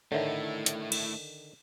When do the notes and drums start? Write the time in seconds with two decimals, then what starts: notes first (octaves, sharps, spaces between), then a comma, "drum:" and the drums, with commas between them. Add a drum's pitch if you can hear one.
0.12 D3 D#3 A3 E4 C#5 E5 F#5
0.66 drum: hi-hat
0.92 drum: cymbal